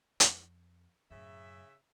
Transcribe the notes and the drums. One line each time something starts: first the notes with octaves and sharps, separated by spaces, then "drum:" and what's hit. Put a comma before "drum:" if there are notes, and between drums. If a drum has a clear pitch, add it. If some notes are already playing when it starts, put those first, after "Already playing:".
F2, drum: hi-hat
F#2 A2 C#3 E5